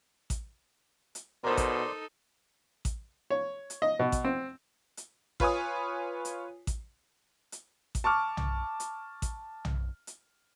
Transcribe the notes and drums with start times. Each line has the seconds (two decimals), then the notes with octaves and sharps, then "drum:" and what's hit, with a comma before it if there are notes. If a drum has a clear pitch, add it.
0.30 drum: kick A1, hi-hat
1.15 drum: hi-hat
1.44 B2 D#4 A4 A#4 C5 D5 C6
1.57 drum: kick A1, hi-hat
2.85 drum: kick A1, hi-hat
3.30 C#5
3.70 drum: hi-hat
3.82 D#5
3.99 B2
4.12 drum: kick A1, hi-hat
4.24 C4
4.97 drum: hi-hat
5.40 F4 B4 C#5 G#5 D#6, drum: kick A1
6.25 drum: hi-hat
6.67 drum: kick A1, hi-hat
7.52 drum: hi-hat
7.95 drum: kick A1, hi-hat
8.04 A5 C#6 D6 F6
8.37 drum: tom B1
8.80 drum: hi-hat
9.22 drum: kick A1, hi-hat
9.65 drum: tom B1
10.07 drum: hi-hat